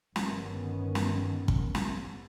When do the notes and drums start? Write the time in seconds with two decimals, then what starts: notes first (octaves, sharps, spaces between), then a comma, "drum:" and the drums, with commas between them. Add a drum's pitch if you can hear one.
0.16 G1 D#3 B3 C#4, drum: snare
0.95 drum: snare
1.48 drum: kick
1.75 drum: snare